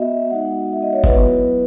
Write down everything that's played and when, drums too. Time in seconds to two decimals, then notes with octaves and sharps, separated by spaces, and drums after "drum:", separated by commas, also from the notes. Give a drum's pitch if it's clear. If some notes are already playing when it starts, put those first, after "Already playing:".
Already playing: B3 F#4 D#5 E5
0.30 G#3 B3 D#4 F#4 F#5
0.73 E5
0.83 D#5
0.93 C#5
1.04 B4, drum: kick G1
1.14 F#3 B3 E4